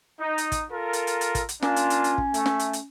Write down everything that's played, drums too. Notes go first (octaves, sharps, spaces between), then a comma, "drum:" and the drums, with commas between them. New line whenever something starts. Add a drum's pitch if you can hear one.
D#4
drum: hi-hat
drum: kick, hi-hat
F4 A4 A#4
drum: hi-hat
drum: hi-hat
drum: hi-hat
drum: kick, hi-hat
drum: hi-hat
A#3 C#4 D4 F4, drum: snare
drum: hi-hat
drum: hi-hat
drum: hi-hat
drum: kick
A3, drum: hi-hat
drum: snare
drum: hi-hat
drum: hi-hat